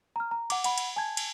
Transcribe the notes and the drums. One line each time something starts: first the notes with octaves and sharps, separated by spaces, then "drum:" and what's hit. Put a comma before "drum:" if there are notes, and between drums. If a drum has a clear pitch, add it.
A#5 F6
A#5
F#5 D6, drum: cymbal
F#5 B5, drum: cymbal
drum: cymbal
G#5 A5 G#6
drum: cymbal